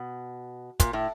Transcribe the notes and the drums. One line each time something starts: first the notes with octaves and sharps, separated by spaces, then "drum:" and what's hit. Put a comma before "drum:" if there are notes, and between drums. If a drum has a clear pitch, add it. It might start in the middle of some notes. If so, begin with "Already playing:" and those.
Already playing: B2
A#2, drum: kick, hi-hat
A2